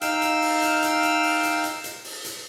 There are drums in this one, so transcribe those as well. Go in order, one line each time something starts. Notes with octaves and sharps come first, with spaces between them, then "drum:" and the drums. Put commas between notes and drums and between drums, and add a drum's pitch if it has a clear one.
D#4 F5 G5 E6 F6, drum: hi-hat
drum: hi-hat
drum: open hi-hat
drum: hi-hat
drum: hi-hat
drum: hi-hat
drum: open hi-hat
drum: hi-hat
drum: hi-hat
drum: hi-hat
drum: open hi-hat
drum: hi-hat